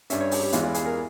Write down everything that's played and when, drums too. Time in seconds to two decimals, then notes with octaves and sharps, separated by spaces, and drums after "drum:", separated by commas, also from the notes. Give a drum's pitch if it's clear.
0.10 G2 G3 C#4 E5, drum: hi-hat
0.21 C#5
0.31 G4, drum: open hi-hat
0.43 G4
0.52 E2 E3 G#3 F4, drum: hi-hat
0.63 F4
0.74 G#4, drum: hi-hat
0.86 A#4